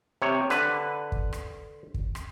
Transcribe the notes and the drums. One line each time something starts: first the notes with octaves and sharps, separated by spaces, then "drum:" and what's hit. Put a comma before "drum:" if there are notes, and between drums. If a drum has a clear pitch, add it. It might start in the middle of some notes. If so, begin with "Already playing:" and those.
C3 C#5
D3 B4, drum: rim click
drum: kick
drum: rim click
drum: kick
drum: rim click